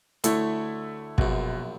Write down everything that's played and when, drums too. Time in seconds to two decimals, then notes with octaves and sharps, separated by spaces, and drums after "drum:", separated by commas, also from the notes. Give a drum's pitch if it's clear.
0.24 D2 A3 E4 C#5, drum: hi-hat
1.18 A#1 F#2 B2, drum: kick